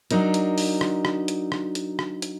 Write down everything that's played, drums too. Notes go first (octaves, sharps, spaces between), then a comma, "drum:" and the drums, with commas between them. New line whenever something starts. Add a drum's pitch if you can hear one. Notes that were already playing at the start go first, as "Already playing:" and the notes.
F#3 D4 D#4 A#4, drum: hi-hat
drum: hi-hat
drum: open hi-hat
drum: rim click
drum: rim click
drum: hi-hat
drum: rim click
drum: hi-hat
drum: rim click
drum: hi-hat